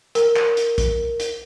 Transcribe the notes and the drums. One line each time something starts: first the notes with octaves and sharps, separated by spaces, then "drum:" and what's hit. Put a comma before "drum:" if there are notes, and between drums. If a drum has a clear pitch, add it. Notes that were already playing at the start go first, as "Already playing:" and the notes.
A#4, drum: hi-hat
drum: clap
drum: hi-hat
drum: kick, hi-hat
drum: hi-hat